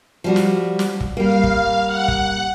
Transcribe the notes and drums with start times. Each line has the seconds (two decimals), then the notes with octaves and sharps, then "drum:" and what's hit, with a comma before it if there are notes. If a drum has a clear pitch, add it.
0.24 F3 G3 F#4
0.36 drum: snare
0.79 drum: snare
1.01 drum: kick
1.17 G3 A#3 F5
1.44 drum: kick
1.87 F#5
2.08 drum: kick